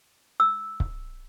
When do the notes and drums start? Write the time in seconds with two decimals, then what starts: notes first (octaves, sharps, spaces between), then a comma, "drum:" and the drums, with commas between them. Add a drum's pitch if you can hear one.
0.40 E6
0.80 drum: kick C#1